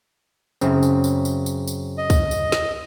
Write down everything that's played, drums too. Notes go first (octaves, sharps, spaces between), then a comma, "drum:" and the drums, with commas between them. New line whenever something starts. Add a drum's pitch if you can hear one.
F#2 C#3 C4, drum: tambourine
drum: tambourine
drum: tambourine
drum: tambourine
drum: tambourine
drum: tambourine
D#5
drum: kick, tambourine
drum: tambourine
drum: snare